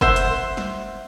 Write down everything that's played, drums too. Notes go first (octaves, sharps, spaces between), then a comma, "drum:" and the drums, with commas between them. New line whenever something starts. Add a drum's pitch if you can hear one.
C5 E5 F#5 C6, drum: kick
drum: hi-hat
drum: snare